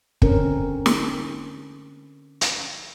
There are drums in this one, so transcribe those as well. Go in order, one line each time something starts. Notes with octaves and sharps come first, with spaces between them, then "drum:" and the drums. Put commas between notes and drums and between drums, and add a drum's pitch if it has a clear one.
D3 C4 C#4 A#4, drum: kick
drum: snare
drum: hi-hat